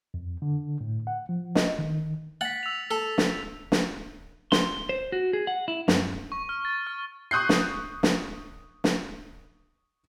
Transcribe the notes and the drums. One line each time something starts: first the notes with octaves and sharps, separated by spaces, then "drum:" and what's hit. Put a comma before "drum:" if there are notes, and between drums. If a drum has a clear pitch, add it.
F2
D3
A2
F#5
F3
D#5, drum: snare
D#3
F#5 A6 B6
E6 F7
A4
drum: snare
drum: snare
C6, drum: snare
C5
F#4
G#4
F#5
E4
F#2, drum: snare
C#6
F6
A6
F6
C#6 D#6 F#6 G6 C7
drum: snare
drum: snare
drum: snare